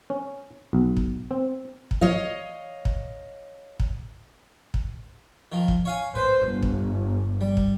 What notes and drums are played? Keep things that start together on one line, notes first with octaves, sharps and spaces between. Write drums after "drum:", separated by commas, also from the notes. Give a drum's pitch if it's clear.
C#4
B1
drum: kick
C4
drum: kick
C#5 D#5 F5
drum: kick
drum: kick
drum: kick
D#3 F3
drum: kick
C#5 F5 G#5
B4 C5
G1
drum: kick
G3
drum: kick